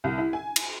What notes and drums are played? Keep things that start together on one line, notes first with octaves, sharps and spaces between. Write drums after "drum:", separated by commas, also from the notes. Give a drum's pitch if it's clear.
C2
E4
G#5
drum: cymbal